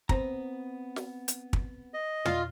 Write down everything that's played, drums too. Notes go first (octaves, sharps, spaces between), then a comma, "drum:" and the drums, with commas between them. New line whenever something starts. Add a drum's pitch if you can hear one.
B3 C4 A#5, drum: kick
drum: snare
drum: hi-hat
drum: kick
D#5
F4, drum: tom